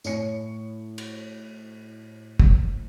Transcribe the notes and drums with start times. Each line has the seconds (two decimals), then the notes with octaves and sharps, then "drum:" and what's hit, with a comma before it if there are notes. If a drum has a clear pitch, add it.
0.04 A2 C#5 C#7, drum: tambourine
0.98 drum: cymbal
2.40 drum: kick